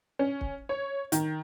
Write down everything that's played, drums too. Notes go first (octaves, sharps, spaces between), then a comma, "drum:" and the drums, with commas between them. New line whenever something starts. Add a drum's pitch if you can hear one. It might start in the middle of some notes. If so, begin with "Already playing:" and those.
C#4
drum: kick
C#5
D#3, drum: hi-hat